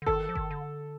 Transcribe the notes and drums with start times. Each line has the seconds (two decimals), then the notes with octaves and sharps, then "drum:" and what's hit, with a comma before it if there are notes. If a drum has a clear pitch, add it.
0.02 D3
0.06 D#3 A4, drum: kick G1
0.29 F3
0.35 D#3, drum: kick G1
0.51 D3